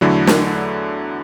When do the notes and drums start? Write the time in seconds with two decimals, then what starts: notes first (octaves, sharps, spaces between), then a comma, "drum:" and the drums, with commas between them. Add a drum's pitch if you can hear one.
0.01 E2 D3 F#3 A3 E4
0.27 drum: snare